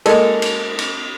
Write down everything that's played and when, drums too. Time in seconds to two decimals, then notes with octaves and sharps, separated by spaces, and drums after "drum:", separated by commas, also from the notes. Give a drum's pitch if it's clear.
0.06 G#3 A#3 A4, drum: cymbal
0.42 drum: cymbal
0.79 drum: cymbal